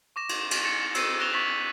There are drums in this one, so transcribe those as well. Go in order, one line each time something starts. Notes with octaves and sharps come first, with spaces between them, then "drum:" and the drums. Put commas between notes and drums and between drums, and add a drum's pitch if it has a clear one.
C#6 D6 A#6 E7
drum: cymbal
drum: cymbal
A6 A#6 C#7
E6 C7 D7 D#7, drum: cymbal
F#6 A#6 D7 E7 F7 G7
C#6 G#6 A6 B6 F#7